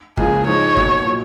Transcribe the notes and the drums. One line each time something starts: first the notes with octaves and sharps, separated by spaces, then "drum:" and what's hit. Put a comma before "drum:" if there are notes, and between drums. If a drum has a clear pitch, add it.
C#2 C#3 F3 A#3 F4 G#4, drum: kick
G#2 F3 G#3 D#4 C#5
B1 B2 F#3 A#3, drum: kick
A#2 F#3